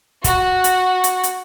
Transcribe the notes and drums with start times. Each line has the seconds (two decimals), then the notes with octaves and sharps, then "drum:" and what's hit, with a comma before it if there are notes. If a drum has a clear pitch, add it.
0.24 F#4, drum: kick, hi-hat
0.64 drum: hi-hat
1.04 drum: hi-hat
1.23 drum: hi-hat